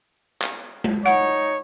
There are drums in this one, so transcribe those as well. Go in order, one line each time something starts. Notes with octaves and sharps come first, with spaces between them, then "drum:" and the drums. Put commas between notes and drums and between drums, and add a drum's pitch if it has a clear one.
drum: clap
drum: tom G#3
D#4 C#5 F#5